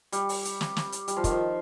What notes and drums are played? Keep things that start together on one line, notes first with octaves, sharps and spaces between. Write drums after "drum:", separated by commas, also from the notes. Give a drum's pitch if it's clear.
G3, drum: hi-hat
drum: open hi-hat
drum: hi-hat
drum: snare
drum: snare
drum: hi-hat
G3, drum: hi-hat
F3
D#3, drum: kick, hi-hat
F3